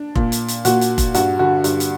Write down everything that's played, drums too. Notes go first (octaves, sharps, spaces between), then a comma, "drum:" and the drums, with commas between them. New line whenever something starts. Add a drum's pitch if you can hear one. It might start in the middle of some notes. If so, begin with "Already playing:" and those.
Already playing: D4
A#2, drum: kick F1
drum: hi-hat
drum: hi-hat
A#2 F#4, drum: hi-hat
drum: hi-hat
drum: kick F1, hi-hat
G2 F#4, drum: hi-hat
D3 F#4
G2, drum: hi-hat
drum: hi-hat